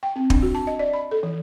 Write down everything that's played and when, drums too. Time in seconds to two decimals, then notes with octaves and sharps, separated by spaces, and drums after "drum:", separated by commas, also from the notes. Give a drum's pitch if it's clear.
0.03 G5
0.16 C4
0.30 D4, drum: kick
0.42 F#4
0.55 A5
0.67 D#5
0.79 D5
0.93 B5
1.11 A4
1.23 E3